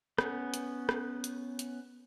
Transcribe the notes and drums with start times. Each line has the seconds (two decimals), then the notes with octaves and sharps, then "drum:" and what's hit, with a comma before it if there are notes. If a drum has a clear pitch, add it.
0.18 B3 C#4, drum: rim click
0.54 drum: hi-hat
0.89 drum: rim click
1.24 drum: hi-hat
1.59 drum: hi-hat